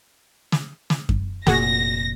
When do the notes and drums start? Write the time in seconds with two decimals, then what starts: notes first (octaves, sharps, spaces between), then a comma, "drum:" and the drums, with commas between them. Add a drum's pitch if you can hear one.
0.52 drum: snare
0.90 drum: snare
1.09 drum: kick F#2
1.47 F1 A#2 F#4 G#4 A#6, drum: snare